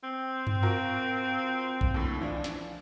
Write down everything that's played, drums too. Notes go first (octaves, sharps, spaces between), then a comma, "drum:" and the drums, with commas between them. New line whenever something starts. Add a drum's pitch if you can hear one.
C4
drum: tom G2
F4 F#4 A#4
drum: kick
D#2 A2 D3
E3 F3 D4
drum: snare